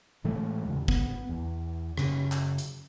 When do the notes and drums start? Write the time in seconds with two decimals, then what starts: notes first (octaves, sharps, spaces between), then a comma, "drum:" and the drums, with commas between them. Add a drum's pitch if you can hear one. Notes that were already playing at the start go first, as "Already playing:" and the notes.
0.24 A2 E3 G#3 A3
0.65 E2 C#3
0.88 B3, drum: kick
1.29 E2
1.98 F#2 C#3 C#4, drum: rim click
2.32 drum: clap
2.58 drum: hi-hat